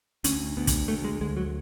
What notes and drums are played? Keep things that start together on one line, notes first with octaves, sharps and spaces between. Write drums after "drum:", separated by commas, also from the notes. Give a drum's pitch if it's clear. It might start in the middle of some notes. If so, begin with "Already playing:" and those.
D2 C#4, drum: hi-hat
D2 B3
drum: kick, hi-hat
D2 A3
G#3
D2 G#3
F#3